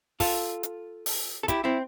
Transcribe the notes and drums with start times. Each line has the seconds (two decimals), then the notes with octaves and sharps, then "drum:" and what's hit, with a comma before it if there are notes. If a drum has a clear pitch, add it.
0.20 F4 A4, drum: kick, open hi-hat
0.63 drum: hi-hat
1.06 drum: open hi-hat
1.43 A4
1.48 E4 G4, drum: kick, hi-hat
1.64 C4 E4